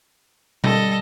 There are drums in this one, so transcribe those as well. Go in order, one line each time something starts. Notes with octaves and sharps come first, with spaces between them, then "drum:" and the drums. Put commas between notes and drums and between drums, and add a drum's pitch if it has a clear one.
G3 A4 D#5, drum: tom B2